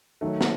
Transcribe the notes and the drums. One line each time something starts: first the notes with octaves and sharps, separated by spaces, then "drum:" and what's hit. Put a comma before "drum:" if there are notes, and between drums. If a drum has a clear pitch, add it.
D#3 F#3 A3
drum: snare